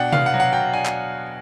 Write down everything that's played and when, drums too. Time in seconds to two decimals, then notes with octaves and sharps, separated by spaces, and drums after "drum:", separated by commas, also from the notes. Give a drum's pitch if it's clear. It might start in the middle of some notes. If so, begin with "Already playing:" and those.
Already playing: B2 D4 F#5 G5
0.12 B3 F5, drum: tom C3
0.26 F#5
0.34 F#3
0.40 F#5
0.53 B2 G5
0.73 D4 G#5
0.85 drum: clap